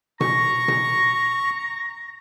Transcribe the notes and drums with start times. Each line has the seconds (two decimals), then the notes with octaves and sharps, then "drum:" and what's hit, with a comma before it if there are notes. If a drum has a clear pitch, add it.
0.21 A#5 C#6, drum: tom B2
0.68 drum: tom B2